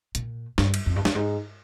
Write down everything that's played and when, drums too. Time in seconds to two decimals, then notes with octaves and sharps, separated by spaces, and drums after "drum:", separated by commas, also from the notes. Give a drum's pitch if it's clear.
0.15 A#2, drum: hi-hat
0.58 G2, drum: snare
0.74 drum: cymbal
0.86 F2
0.96 G2
1.05 F2, drum: snare
1.15 G#2